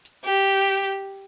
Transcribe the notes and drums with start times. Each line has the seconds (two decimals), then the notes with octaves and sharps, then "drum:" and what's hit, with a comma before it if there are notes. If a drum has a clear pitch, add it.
0.05 drum: hi-hat
0.25 G4
0.65 drum: open hi-hat